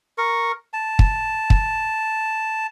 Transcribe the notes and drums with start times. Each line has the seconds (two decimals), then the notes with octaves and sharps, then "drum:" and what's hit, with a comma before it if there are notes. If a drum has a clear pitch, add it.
0.18 A#4 C#6
0.73 A5
0.99 drum: kick
1.50 drum: kick